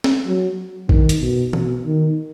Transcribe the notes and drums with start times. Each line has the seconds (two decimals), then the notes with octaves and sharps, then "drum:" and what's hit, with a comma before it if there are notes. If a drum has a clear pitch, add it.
0.04 drum: snare
0.26 F#3
0.89 D#3, drum: kick
1.09 drum: hi-hat
1.21 B2
1.53 B2, drum: tom E3
1.85 D#3